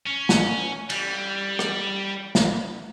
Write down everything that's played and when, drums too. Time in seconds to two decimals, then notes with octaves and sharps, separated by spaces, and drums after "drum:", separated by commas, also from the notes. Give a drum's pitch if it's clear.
0.07 C#4
0.29 drum: snare
0.90 G3, drum: cymbal
1.59 drum: rim click
2.35 drum: snare